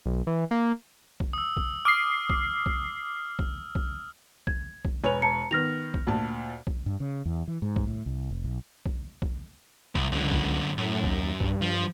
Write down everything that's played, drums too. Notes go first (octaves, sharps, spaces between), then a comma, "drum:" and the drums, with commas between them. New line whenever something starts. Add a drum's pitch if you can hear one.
B1
E3
A#3
drum: kick B1
D#6 E6
drum: kick B1
D6 D#6 F6 C7
drum: kick B1
drum: kick B1
drum: kick B1
drum: kick B1
G#6, drum: kick B1
drum: kick B1
E1 B4 C#5 G#5 F7
A5 A#5 C#7
D#3 B3 F6 A#6 F7
drum: kick B1
D2 A#2 A5
drum: kick B1
G2
C#3
E2
E3
G#2
drum: kick B1
A2
C2
F1
B1
drum: kick B1
drum: kick B1
C2, drum: kick B1
C#2 F#2 D3
drum: kick B1
F#2 A2
D#2, drum: kick B1
G2, drum: kick B1
F3